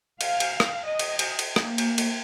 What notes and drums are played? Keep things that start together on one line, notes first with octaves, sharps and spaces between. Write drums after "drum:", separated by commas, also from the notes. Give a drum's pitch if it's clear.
F5, drum: cymbal
drum: cymbal
drum: rim click
D#5
drum: cymbal
drum: cymbal
drum: cymbal
A#3, drum: rim click
drum: cymbal
drum: cymbal